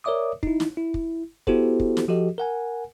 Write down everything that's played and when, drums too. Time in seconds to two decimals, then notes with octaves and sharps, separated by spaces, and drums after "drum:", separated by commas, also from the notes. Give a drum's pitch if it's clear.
0.04 A#4 C#5 D5 E5 D6 D#6
0.43 D#4 E4, drum: kick
0.60 drum: snare
0.77 E4
0.94 drum: kick
1.47 B3 E4 F#4 G4 A4 C5, drum: kick
1.80 drum: kick
1.97 drum: snare
2.08 F3 F#4 G4 A4 D#5
2.38 A#4 F#5 G#5